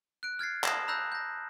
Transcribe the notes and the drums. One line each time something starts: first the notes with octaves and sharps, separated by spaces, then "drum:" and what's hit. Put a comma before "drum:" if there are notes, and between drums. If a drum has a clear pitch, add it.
F#6 D7
F6 G#6 A6 C7
A5 D#6 A#6 C7 E7 F#7, drum: clap
A#5 B5 E6 F#6 G6 A#6
G6 A#6